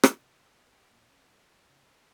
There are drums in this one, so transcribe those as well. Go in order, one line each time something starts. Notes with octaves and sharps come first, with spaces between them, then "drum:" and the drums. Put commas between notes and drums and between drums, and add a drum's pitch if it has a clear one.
C3, drum: rim click
C4
B3
G4
A#2
C#4
F#3
F#3
C#3
C5